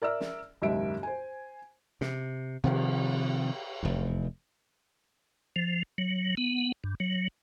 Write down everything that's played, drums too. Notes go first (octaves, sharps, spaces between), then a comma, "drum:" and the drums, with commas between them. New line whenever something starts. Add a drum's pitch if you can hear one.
A#4 D5 E5 E6 F6
drum: snare
F#1 D#2 G#2 E5 D7
C5 G#5
C3, drum: snare
C3 D#3 F3, drum: cymbal
F1 E2
F3
F#3
B3
G2
F#3